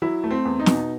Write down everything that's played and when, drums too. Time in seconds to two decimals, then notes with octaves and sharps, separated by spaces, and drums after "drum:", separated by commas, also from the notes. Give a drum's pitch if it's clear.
0.02 F#3 E4
0.24 A3
0.31 C4
0.45 E2
0.60 D#4
0.66 B2, drum: snare